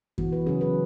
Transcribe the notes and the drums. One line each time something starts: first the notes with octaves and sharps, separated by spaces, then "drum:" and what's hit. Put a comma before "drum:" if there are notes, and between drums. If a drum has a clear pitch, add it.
E3 B3 F#4, drum: kick F#2
B4
C#3 F#3 C#4 G#4
B4